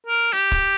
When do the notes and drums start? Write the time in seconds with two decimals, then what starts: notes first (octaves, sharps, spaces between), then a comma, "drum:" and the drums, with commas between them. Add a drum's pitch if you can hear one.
0.07 A#4
0.33 G4, drum: hi-hat
0.52 drum: kick